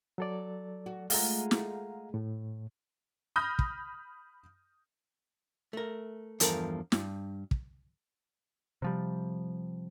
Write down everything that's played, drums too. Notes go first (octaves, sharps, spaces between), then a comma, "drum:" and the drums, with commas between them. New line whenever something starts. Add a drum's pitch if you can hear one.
F#3 A4 D5
F#4
G#3 A3 F4 F5 F#5 A#5, drum: open hi-hat
drum: snare
A2
B5 D#6 F6 G6 A#6
drum: kick
A3 A#4
E2 G2 F3 A4 A#4, drum: hi-hat
G2, drum: snare
drum: kick
C3 F3 G3